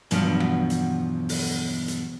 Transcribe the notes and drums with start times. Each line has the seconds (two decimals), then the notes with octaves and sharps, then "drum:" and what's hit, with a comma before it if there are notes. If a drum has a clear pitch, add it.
0.11 E2 G2 B2 F3 F#3, drum: hi-hat
0.40 drum: rim click
0.70 drum: hi-hat
1.29 drum: open hi-hat
1.88 drum: hi-hat